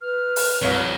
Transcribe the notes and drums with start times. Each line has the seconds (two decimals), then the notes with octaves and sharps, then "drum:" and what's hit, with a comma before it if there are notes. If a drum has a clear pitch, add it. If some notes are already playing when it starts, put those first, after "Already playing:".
0.01 B4 F6
0.36 drum: open hi-hat
0.62 C2 F2 C#5